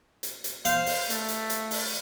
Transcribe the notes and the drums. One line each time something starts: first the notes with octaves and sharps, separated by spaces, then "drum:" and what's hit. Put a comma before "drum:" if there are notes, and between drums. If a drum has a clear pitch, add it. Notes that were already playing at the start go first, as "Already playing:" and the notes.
drum: hi-hat
drum: hi-hat
C5 F5, drum: hi-hat
drum: open hi-hat
A3, drum: hi-hat
drum: hi-hat
drum: hi-hat
drum: open hi-hat